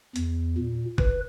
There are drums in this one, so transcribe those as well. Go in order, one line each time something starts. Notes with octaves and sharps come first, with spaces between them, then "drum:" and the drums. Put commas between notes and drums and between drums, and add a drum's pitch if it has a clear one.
E2, drum: hi-hat
A#2
B4, drum: kick G1